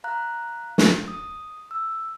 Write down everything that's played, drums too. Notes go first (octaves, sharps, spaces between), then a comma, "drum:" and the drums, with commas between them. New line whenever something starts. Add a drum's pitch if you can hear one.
F5 A#5 F#6
drum: snare
D#6
E6